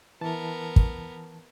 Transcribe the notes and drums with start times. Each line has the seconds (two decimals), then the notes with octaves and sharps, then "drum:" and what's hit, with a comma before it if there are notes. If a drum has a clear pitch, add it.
0.21 E3 B3 A#4 A5
0.76 drum: kick